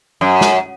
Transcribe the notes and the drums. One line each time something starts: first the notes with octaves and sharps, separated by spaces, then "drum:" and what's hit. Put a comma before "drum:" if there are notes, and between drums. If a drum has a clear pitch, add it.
F#2
drum: snare